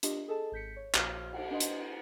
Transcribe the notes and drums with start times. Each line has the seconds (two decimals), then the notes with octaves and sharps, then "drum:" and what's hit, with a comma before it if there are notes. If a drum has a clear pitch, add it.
0.03 D4 F4 G4 D#5, drum: hi-hat
0.28 G#4 A4 D#5 A5
0.52 G#1 G6 B6 C#7
0.76 C#5
0.95 A#1 F#4 C5 C#5 F5 F6, drum: clap
1.33 drum: cymbal
1.51 D4 B4 D#5 C6
1.60 drum: hi-hat